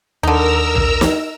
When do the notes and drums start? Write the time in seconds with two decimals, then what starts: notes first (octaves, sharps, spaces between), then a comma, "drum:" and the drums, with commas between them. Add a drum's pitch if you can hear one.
0.23 D#2 D3 D#4 A#4 A#5 E6
0.75 drum: tom A#1
1.01 drum: snare